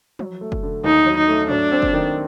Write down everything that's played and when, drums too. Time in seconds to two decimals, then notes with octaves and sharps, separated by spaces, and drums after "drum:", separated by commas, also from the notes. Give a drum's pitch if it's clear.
0.19 F#3, drum: tom
0.41 A3
0.52 drum: kick
0.63 D3
0.84 D#2 D#4
1.06 F#3
1.17 D#4
1.28 A3
1.50 F#3 D4, drum: tom
1.71 C4
1.82 drum: kick
1.93 D#3